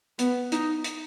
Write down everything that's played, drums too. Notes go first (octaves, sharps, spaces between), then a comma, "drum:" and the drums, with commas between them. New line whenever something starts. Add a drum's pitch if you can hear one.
B3, drum: hi-hat
D#4, drum: hi-hat
drum: hi-hat